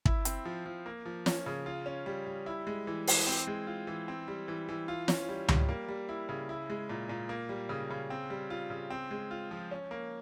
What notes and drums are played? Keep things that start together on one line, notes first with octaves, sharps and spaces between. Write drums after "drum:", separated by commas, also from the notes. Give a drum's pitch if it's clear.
E4, drum: kick
C4, drum: hi-hat
F3
F3
A#3
F3
C#4, drum: snare
C#3
F4
C#4
G3
G3
E4
G#3
E3
E3, drum: open hi-hat
C4
G#3
F4
E3
C4
G3
E3
E3
F4
C#4, drum: snare
G3
G3, drum: tom C#2
A#3
G3
E4
C#3
E4
G#3
A#2
A#2
A#3
G3
C#3
C#3
C4
G3
F4
C#3
C4
G#3
F4
F3
C#4
A#3